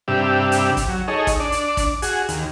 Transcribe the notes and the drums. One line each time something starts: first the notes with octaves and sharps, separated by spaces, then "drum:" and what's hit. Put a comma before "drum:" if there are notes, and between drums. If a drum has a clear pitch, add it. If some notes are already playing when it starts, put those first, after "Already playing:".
G2 C3 D4 G4 E5
drum: hi-hat
drum: kick, hi-hat
F#3
D#4 G#4 A4 C#5 D#5
drum: kick, hi-hat
D4 D5
drum: hi-hat
drum: kick, hi-hat
F#4 G#4, drum: hi-hat
D#2, drum: hi-hat